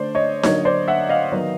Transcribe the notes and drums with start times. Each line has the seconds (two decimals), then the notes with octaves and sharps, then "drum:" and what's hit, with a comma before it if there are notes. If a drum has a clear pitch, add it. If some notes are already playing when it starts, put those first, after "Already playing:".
Already playing: D3 A3 C5 D5
0.15 C#5 D#5
0.43 D3 F#3 A#3 C#5 D#5, drum: snare D#4
0.65 C5 D5
0.88 E5 F#5
1.09 D#5 F5
1.32 D#3 F#3 B3